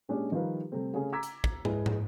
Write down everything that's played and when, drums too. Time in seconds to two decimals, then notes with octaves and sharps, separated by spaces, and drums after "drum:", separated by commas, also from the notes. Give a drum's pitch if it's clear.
0.09 A#2 G#3 C#4 D4 G4
0.32 D#3 F3 G3 F4 A#4 B4
0.72 C3 G3 A3 C4
0.94 C#3 A3 C#4 G#4
1.13 A#5 D6 E6 G#6 B6
1.23 drum: hi-hat
1.44 drum: kick
1.65 G#3 E4 B4, drum: tom
1.86 drum: tom